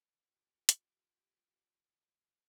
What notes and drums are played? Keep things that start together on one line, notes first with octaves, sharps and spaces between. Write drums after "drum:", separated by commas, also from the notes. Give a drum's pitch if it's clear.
F4 G4 D7
drum: hi-hat